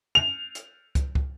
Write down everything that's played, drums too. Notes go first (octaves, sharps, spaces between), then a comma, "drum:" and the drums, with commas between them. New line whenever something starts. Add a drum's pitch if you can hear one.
F7
drum: hi-hat
drum: kick, hi-hat
drum: kick